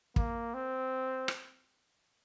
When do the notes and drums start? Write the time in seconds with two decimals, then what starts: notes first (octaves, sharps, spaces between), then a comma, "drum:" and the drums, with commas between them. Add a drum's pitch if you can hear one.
0.16 A#3, drum: kick
0.54 C4
1.28 drum: rim click